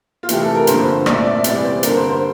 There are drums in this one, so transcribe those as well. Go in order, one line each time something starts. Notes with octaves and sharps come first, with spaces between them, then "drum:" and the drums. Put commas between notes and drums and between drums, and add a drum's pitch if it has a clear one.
F4
C3 E3 A3 G4, drum: hi-hat
A4
A#4
G2 D3 F3 A#3 C5, drum: hi-hat
A#2 A3 C4 D5, drum: rim click
E5
D5
E5
E2 C3 E3 G3 D5, drum: hi-hat
C5
G2 D3 G3 A#3 A#4, drum: hi-hat
C5
C5